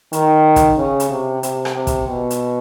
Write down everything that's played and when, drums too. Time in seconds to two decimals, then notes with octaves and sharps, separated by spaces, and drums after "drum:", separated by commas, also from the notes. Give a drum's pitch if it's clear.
0.13 D#3, drum: hi-hat
0.56 drum: kick, hi-hat
0.78 C#3
1.00 drum: hi-hat
1.10 C3
1.43 C3, drum: hi-hat
1.65 drum: rim click
1.76 C3
1.87 drum: kick, hi-hat
2.08 B2
2.30 drum: hi-hat